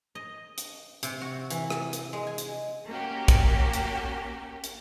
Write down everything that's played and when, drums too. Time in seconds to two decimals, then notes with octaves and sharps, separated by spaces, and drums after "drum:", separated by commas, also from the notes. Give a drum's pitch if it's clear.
0.15 D#5
0.58 drum: hi-hat
1.03 C3, drum: hi-hat
1.21 F#4
1.50 E3, drum: hi-hat
1.70 drum: rim click
1.93 drum: hi-hat
2.13 G#3
2.27 G#5
2.38 drum: hi-hat
2.88 A#3 C#4 F#4 G4
3.28 drum: kick, hi-hat
3.73 drum: hi-hat
4.64 drum: hi-hat